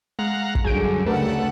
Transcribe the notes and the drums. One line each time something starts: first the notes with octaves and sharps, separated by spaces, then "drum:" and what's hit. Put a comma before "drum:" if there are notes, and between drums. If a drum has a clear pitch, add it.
G#3 F5 F#5 A#5
drum: kick
F#2 D3 G3 C#4 G#4 G#5 G6 D7
D2 G2 C#3 A3 G4 A#4 B4 F#5